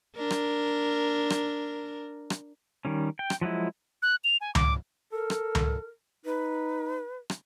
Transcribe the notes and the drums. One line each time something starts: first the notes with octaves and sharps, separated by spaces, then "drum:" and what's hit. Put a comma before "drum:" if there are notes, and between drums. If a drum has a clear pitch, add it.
D4 A#4
drum: rim click
drum: rim click
drum: rim click
D#3 G3 C#4
G5
drum: rim click
F3 F#3 G#3 E4
F#6
F7
G#5
D6, drum: tom C#2
A4 A#4
drum: rim click
drum: tom C#2
D#4 B4
drum: rim click